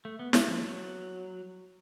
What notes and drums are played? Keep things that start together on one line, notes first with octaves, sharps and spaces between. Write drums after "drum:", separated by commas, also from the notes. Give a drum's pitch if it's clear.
A3
B3
D4, drum: snare
F3
F#3